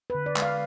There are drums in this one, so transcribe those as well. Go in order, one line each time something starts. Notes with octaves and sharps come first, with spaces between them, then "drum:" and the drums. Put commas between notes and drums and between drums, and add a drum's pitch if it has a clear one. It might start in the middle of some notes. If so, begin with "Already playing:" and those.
D3 B4
D5
G#3, drum: clap
F5